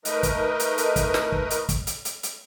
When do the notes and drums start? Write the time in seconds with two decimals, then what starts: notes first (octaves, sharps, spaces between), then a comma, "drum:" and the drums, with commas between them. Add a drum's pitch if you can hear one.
0.05 A3 D#4 A#4 B4 D#5, drum: hi-hat
0.23 drum: kick, hi-hat
0.59 drum: hi-hat
0.78 drum: hi-hat
0.96 drum: kick, hi-hat
1.14 drum: snare
1.32 drum: kick
1.50 drum: hi-hat
1.69 drum: kick, hi-hat
1.87 drum: hi-hat
2.05 drum: hi-hat
2.23 drum: hi-hat